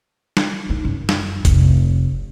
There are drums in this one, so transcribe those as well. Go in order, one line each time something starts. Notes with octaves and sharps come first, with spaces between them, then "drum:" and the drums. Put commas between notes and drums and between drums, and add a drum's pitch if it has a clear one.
drum: snare
D#4
F#2
drum: snare
F1, drum: kick A#1, hi-hat